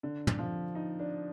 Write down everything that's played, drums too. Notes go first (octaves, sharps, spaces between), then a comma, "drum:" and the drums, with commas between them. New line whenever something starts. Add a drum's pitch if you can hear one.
D3
drum: tom
F3
D#4
D4